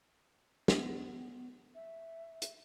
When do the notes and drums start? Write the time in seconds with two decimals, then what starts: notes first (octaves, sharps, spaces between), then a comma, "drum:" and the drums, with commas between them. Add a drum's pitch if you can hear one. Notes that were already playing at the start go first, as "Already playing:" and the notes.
0.68 B3, drum: snare
1.75 E5
2.42 drum: hi-hat